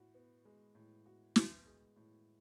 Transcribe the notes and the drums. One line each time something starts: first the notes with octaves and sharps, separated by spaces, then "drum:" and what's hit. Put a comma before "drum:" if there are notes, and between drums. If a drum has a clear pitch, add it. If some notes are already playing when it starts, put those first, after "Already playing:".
Already playing: A2 F#4
B3
G#3
A2
F#4
B3, drum: snare
G#3
A2